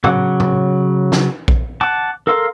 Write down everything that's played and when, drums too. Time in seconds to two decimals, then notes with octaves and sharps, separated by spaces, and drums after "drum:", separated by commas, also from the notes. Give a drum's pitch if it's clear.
0.04 C#3 F#3 F#5 D6, drum: tom
0.40 drum: tom
1.12 drum: snare
1.48 drum: kick A#1
1.81 F#5 A5 D6
2.27 A4 A#4 F5 C6